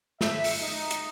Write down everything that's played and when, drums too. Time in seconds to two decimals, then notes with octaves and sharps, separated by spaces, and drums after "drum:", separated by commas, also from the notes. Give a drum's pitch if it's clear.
0.21 E5, drum: snare
0.44 drum: open hi-hat
0.61 D#4
0.91 drum: hi-hat